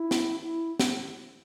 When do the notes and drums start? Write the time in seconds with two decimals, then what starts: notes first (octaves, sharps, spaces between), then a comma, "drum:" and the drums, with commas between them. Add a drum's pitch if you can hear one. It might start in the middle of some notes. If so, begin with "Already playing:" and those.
Already playing: E4
0.11 drum: snare
0.43 E4
0.80 drum: snare